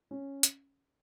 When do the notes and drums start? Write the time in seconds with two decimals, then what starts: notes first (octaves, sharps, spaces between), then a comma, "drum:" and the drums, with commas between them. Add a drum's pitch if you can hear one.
0.11 C#4
0.43 drum: hi-hat